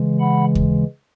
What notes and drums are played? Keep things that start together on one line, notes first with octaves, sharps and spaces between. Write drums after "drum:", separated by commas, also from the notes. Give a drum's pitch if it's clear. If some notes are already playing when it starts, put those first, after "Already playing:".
Already playing: C#3 E3 G#3
F#5 B5
drum: kick D#2